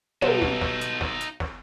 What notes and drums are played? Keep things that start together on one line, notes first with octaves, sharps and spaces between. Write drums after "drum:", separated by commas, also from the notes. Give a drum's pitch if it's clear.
B1 G3 B3 D#4 A4, drum: tom
drum: snare
drum: snare
drum: hi-hat
drum: snare
drum: hi-hat
drum: snare